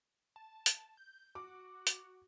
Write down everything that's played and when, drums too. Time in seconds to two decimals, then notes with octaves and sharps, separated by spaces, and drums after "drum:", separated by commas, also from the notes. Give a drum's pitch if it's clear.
0.36 A5
0.66 drum: hi-hat
0.97 G6
1.35 F#4 D6
1.87 drum: hi-hat